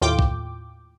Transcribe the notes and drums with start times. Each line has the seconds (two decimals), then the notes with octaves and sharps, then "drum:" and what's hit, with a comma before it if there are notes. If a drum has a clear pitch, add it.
0.02 D#2 A2 F4 G5 D6
0.19 drum: kick